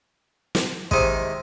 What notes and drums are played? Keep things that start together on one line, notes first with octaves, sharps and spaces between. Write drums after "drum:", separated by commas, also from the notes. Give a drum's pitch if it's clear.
drum: snare
C3 D#3 G#3, drum: kick